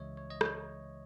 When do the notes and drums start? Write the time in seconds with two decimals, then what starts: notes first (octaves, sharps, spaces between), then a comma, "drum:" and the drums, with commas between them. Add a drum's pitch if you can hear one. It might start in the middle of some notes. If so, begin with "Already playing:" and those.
Already playing: C#2 C#3 E3 G#3 C#5 D#5 E5
0.17 C#5
0.30 D#5
0.41 C#5, drum: rim click